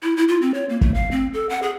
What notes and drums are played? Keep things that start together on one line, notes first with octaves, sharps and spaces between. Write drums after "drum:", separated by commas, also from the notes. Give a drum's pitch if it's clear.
E4
E4
F4
C4
C#5
A#3
A3, drum: kick
F5
C4
A4
F#5
G#4